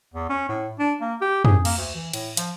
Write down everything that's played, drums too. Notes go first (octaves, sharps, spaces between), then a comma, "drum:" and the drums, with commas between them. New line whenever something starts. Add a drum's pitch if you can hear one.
E2
C#4
A2
D4
A#3
G4
G#4, drum: tom
A#3, drum: cymbal
D2
E3
A2, drum: cymbal
F3, drum: hi-hat